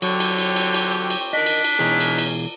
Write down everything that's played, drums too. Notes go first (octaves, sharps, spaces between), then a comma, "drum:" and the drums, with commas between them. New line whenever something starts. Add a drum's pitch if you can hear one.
D3 F#3 C4 G4 C#5, drum: cymbal
drum: cymbal
drum: cymbal
drum: cymbal
drum: cymbal
drum: cymbal
D4 A#4 D#5 B6
drum: cymbal
drum: cymbal
B2 E3 C#4 D#4 G#4
drum: cymbal
drum: cymbal